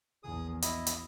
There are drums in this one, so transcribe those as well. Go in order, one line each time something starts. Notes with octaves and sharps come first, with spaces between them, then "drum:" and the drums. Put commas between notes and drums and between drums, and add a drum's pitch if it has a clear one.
A#1 E2 G#4 D#6
E4 D#5, drum: hi-hat
drum: hi-hat